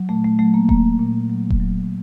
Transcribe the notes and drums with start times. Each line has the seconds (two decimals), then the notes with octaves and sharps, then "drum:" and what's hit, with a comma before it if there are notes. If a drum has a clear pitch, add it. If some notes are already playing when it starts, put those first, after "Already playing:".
Already playing: F#3
0.09 A#2 A3
0.24 A3
0.39 F#3 A3
0.54 A#3
0.69 F#3 A#3, drum: kick D#1
0.99 A#2
1.30 F#3
1.50 drum: kick D#1
1.60 F#3